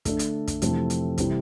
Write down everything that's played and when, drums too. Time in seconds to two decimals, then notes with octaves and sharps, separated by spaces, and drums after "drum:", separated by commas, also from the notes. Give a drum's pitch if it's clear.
0.05 D3 A3 D4 A4, drum: kick, hi-hat
0.19 drum: hi-hat
0.47 drum: kick, hi-hat
0.62 F2 C3 E3 A3 C4, drum: hi-hat
0.90 drum: hi-hat
1.18 C3 E3 G3 C4, drum: kick, hi-hat